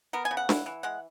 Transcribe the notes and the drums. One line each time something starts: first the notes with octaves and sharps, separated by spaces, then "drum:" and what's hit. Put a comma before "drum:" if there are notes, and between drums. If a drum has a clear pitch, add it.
B3 A#4
G#5
C#3
F#5
E3, drum: snare D4
E3
G#3 F#5